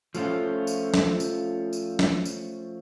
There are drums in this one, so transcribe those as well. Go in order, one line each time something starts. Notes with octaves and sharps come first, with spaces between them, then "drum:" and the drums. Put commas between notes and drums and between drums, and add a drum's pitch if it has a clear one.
F3 A3 C#4 F4, drum: tambourine
drum: tambourine
drum: snare
drum: tambourine
drum: tambourine
drum: snare
drum: tambourine